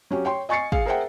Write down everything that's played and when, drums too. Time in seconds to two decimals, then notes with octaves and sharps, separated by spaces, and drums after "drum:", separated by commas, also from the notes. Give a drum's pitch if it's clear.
0.11 F#3 C#4 G4
0.25 C#5 G5 C6
0.49 D#5 G#5 C#6 A6 C7 C#7
0.72 G#4 F5, drum: kick
0.85 G#4 A#4 C5 E5 F#5 G5